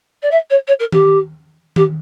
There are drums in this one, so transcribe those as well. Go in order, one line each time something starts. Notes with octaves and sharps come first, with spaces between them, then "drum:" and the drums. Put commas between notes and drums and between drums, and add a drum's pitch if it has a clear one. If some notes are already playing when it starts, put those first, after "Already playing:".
D5
E5
C#5
C#5
A#4
G4, drum: tom D#3
G4, drum: tom D#3